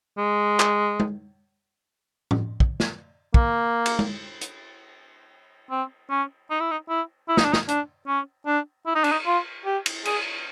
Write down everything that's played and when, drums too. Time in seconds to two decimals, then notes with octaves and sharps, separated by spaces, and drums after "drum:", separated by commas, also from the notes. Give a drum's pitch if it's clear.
0.18 G#3
0.60 drum: clap
1.00 drum: tom G#3
2.31 drum: tom A2
2.60 drum: kick
2.80 drum: snare
3.34 A#3, drum: kick
3.86 drum: cymbal
3.99 drum: tom G#3
4.41 drum: hi-hat
5.71 C4
6.10 C#4
6.50 D#4
6.60 E4
6.71 D#4
6.89 E4
7.28 E4
7.37 D#4, drum: snare
7.45 D4
7.53 D#4, drum: snare
7.68 D4, drum: hi-hat
8.07 C#4
8.47 D4
8.86 E4
8.95 D#4
9.04 D4, drum: cymbal
9.12 D#4
9.26 F4
9.66 G4
9.86 drum: cymbal
10.05 G#4, drum: cymbal